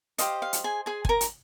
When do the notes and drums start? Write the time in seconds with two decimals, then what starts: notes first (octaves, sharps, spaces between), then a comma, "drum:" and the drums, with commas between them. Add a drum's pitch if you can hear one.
0.18 G4 C5 D#5 F5, drum: hi-hat
0.42 F5
0.53 drum: hi-hat
0.64 G#4 G#5
0.86 G#4 G#5
1.05 G#5, drum: kick
1.09 A#4 A#5
1.21 drum: hi-hat